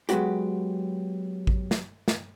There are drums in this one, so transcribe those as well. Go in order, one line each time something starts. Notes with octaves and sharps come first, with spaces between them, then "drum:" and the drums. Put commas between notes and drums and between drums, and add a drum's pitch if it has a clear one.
F#3 G#3 A#3 B3 F#4 G4, drum: hi-hat
drum: kick A1
drum: snare
drum: snare